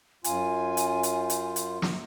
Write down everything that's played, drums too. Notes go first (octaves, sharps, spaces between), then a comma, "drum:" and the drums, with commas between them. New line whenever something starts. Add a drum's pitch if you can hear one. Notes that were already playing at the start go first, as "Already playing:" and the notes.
F#2 F4 G#5, drum: hi-hat
drum: hi-hat
drum: hi-hat
drum: hi-hat
drum: hi-hat
drum: snare